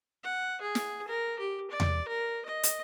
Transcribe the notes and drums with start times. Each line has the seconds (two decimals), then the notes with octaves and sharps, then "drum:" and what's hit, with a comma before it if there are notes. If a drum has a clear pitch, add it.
0.24 F#5
0.61 G#4
0.75 drum: snare
1.08 A#4
1.39 G4
1.71 D5
1.80 drum: tom E2
2.08 A#4
2.45 D#5
2.63 drum: hi-hat